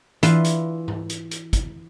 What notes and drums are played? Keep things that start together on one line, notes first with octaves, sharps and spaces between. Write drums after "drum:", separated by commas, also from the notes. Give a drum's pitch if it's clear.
E3 F4 B4 D5 E5 C6, drum: hi-hat
drum: hi-hat
drum: tom G#2
drum: hi-hat
drum: hi-hat
drum: kick, hi-hat